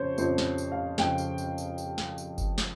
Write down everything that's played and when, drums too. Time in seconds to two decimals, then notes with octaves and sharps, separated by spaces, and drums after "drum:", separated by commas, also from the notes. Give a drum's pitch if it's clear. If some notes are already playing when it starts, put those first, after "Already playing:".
Already playing: F2 C#3 F3 C5 C#5
0.18 F2 C#3 F3 C4 C5, drum: tambourine
0.38 drum: snare
0.58 drum: tambourine
0.72 F5
0.98 F2 C#3 F3 C4 G5, drum: snare
1.18 drum: tambourine
1.38 drum: tambourine
1.58 drum: tambourine
1.78 drum: tambourine
1.98 drum: snare
2.18 drum: tambourine
2.38 drum: kick G1, tambourine
2.58 drum: snare